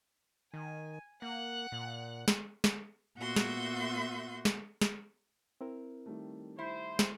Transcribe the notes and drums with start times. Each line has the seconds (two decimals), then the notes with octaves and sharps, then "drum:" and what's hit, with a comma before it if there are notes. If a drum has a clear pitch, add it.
0.54 D#3 G#5
1.22 A#3 F#5 F#6
1.72 A#2
2.28 drum: snare
2.64 drum: snare
3.18 A#2 B3 F#4 E5 C6 G6
3.36 drum: snare
4.45 drum: snare
4.81 drum: snare
5.61 C4 E4 A#4
6.06 D#3 G3 A3
6.59 E4 C5
6.99 drum: snare